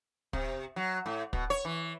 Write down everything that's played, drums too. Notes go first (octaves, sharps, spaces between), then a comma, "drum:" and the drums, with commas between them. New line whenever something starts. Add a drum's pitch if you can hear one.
C3, drum: kick
F#3
A2
B2, drum: kick
C#5
E3